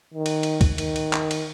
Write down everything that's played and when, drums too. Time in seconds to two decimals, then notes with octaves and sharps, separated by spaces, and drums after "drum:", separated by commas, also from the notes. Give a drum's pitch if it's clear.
0.14 D#3
0.26 drum: cymbal
0.43 drum: cymbal
0.61 drum: kick C#2, cymbal
0.78 D#3, drum: cymbal
0.96 drum: cymbal
1.13 drum: clap
1.31 drum: cymbal